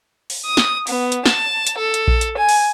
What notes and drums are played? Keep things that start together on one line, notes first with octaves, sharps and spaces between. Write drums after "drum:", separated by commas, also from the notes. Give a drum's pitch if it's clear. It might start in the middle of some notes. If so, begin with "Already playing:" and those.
drum: open hi-hat
D#6
drum: snare
B3, drum: open hi-hat
drum: hi-hat
A5, drum: snare
drum: hi-hat
A4
drum: hi-hat
drum: kick A#1
drum: hi-hat
G#5
drum: open hi-hat